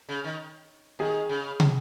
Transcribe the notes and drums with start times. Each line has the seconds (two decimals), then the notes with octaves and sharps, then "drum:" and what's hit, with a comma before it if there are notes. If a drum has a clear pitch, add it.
0.09 C#3
0.24 D#3
0.99 D#3 G#4
1.29 C#3
1.60 drum: tom